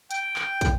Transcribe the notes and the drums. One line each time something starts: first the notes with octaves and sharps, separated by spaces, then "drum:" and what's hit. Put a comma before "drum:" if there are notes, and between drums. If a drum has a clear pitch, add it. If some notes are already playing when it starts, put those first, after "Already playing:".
G5, drum: hi-hat
drum: clap
drum: kick, hi-hat